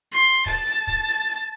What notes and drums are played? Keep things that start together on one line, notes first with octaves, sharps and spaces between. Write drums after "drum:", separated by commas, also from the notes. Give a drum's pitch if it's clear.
C6
A5, drum: kick, open hi-hat
drum: hi-hat
drum: kick, hi-hat
drum: hi-hat
drum: hi-hat